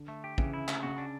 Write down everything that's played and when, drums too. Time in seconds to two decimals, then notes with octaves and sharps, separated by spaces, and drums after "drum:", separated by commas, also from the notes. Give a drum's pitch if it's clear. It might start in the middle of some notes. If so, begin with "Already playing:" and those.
Already playing: D3
0.08 A3
0.24 G4
0.38 C#3 E3, drum: kick
0.53 E4
0.68 A3, drum: clap
0.83 C#3 F#4
0.98 D4